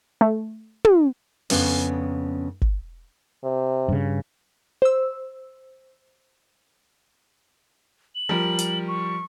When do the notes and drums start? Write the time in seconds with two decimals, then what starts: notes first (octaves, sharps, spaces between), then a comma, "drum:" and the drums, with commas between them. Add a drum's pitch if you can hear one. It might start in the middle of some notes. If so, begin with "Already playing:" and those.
0.21 A3
0.85 drum: tom
1.50 F2 C#3 B3 C#4 D4, drum: open hi-hat
2.62 drum: kick G1
3.44 C3
3.89 G2 C#3
4.82 C5 E6
8.15 F#7
8.29 F3 G3 A#4
8.59 drum: hi-hat
8.88 C#6